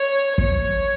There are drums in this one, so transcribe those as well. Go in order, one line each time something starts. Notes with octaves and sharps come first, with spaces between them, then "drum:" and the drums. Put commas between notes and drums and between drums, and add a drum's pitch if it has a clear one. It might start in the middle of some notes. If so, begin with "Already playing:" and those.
Already playing: C#5
C#5, drum: kick